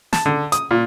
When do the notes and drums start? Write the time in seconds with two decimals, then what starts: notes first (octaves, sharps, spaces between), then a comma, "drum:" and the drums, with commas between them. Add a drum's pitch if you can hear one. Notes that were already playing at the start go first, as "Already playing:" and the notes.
0.13 A5, drum: snare
0.26 D3
0.52 D#6, drum: hi-hat
0.71 A#2